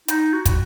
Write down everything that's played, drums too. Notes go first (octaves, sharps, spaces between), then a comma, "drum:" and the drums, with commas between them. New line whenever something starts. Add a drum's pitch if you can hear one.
D#4, drum: hi-hat
F#4
drum: kick, hi-hat